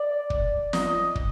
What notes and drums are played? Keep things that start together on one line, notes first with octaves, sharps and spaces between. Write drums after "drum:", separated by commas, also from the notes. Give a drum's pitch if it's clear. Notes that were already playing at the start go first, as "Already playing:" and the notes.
Already playing: D5
drum: kick
D#5, drum: snare
drum: kick